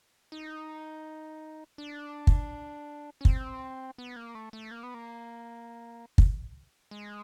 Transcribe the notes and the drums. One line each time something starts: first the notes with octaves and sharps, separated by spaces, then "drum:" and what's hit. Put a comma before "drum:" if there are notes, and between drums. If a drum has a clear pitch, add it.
D#4
D4
drum: kick
C#4
C4, drum: kick
B3
A#3
A3
A3
A#3
B3
A#3
drum: kick
G#3